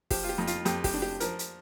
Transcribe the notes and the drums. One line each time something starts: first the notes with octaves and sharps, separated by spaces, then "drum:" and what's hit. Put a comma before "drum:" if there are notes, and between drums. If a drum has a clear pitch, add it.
F3 G4, drum: kick, open hi-hat
F4
G4
F2
F4, drum: hi-hat
F2 G4, drum: hi-hat
G4, drum: kick, open hi-hat
D4
G4
F3 A#4, drum: hi-hat
drum: hi-hat